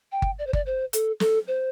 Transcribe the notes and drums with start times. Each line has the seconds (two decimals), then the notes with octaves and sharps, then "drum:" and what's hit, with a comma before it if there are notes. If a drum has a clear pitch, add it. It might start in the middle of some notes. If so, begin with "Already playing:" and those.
0.12 G5
0.22 drum: kick G1
0.39 D5
0.47 C5
0.53 D5, drum: kick G1
0.66 C5
0.93 A4, drum: hi-hat
1.20 A4, drum: snare
1.47 C5